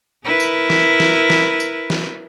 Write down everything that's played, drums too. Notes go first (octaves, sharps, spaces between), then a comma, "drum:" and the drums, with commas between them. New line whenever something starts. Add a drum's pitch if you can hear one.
E4 A#4 B4
drum: tambourine
drum: snare
drum: snare
drum: snare
drum: tambourine
drum: snare